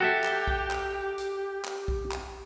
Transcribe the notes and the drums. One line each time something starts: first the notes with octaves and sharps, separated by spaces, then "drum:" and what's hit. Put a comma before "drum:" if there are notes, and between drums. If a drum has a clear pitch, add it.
F#4 G4 A4 E5
drum: clap
drum: kick A#1
drum: clap
drum: hi-hat
drum: clap
drum: kick A#1
drum: clap